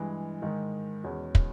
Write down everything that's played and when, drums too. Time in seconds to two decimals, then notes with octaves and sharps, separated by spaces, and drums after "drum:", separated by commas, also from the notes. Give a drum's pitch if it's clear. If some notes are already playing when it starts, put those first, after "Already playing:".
Already playing: G2 E3 G#3
0.42 G#2 D#3 G#3
1.03 E2 B2 G#3 C#4
1.35 drum: kick